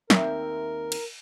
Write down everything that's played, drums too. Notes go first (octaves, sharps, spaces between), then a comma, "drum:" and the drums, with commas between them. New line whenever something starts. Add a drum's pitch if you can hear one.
D#2 C4 A#4 E5, drum: snare
drum: cymbal